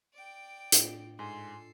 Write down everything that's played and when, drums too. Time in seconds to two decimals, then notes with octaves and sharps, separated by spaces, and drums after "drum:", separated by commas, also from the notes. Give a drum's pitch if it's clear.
0.14 D5 G5
0.72 A2 D4 F4, drum: hi-hat
1.19 G#2 A4 G#5 C6 C7